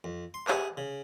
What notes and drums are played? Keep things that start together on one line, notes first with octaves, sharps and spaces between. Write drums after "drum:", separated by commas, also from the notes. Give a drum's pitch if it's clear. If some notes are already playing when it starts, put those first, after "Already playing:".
F2
C6
G4 G#4 E5 F#5 G#5, drum: clap
C#3